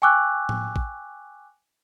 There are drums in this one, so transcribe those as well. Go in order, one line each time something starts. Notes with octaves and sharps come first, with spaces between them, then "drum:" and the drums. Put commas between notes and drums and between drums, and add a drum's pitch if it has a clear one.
G5 G#5 C#6 D6 E6 F#6
drum: tom A2
drum: kick